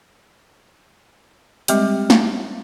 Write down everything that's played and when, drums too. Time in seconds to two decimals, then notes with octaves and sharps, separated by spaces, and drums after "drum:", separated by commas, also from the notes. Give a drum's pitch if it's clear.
1.68 G3 G#3 C4 G4, drum: hi-hat
2.10 drum: snare